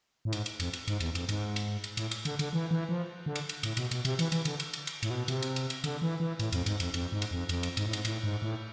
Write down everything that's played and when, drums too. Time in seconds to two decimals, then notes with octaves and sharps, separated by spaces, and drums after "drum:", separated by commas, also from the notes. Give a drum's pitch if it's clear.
0.25 A2
0.33 G#2, drum: cymbal
0.46 drum: cymbal
0.60 F2, drum: cymbal
0.73 drum: cymbal
0.88 G#2, drum: cymbal
1.00 E2, drum: cymbal
1.15 F2, drum: cymbal
1.29 G#2, drum: cymbal
1.56 drum: cymbal
1.84 drum: cymbal
1.97 A2, drum: cymbal
2.11 drum: cymbal
2.25 D3, drum: cymbal
2.39 D3, drum: cymbal
2.53 E3
2.71 E3
2.89 F3
3.26 D3
3.36 drum: cymbal
3.49 drum: cymbal
3.63 A2, drum: cymbal
3.77 B2, drum: cymbal
3.91 B2, drum: cymbal
4.05 C3, drum: cymbal
4.19 E3, drum: cymbal
4.32 E3, drum: cymbal
4.45 D3, drum: cymbal
4.60 drum: cymbal
4.73 drum: cymbal
4.87 drum: cymbal
5.03 A2, drum: cymbal
5.10 B2
5.28 C3, drum: cymbal
5.42 drum: cymbal
5.56 drum: cymbal
5.70 drum: cymbal
5.84 D3, drum: cymbal
6.02 E3
6.20 E3
6.39 A2, drum: cymbal
6.52 F2, drum: cymbal
6.66 G#2, drum: cymbal
6.80 F2, drum: cymbal
6.94 F2, drum: cymbal
7.12 G#2
7.22 drum: cymbal
7.31 F2
7.49 F2, drum: cymbal
7.63 drum: cymbal
7.77 G#2, drum: cymbal
7.86 A2
7.93 G#2, drum: cymbal
8.05 A2, drum: cymbal
8.24 G#2
8.42 A2